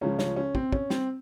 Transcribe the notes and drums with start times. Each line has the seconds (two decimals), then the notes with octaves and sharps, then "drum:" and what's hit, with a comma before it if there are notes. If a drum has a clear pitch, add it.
0.01 C#2 C#3 F3 C#4
0.19 C#4, drum: snare
0.36 C#4
0.55 C4, drum: kick
0.72 C#4, drum: kick
0.90 C4, drum: snare